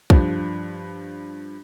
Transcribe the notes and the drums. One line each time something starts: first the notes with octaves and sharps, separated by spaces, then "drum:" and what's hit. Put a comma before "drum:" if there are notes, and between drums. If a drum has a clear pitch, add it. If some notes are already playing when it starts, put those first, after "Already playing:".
G2 F3, drum: kick B1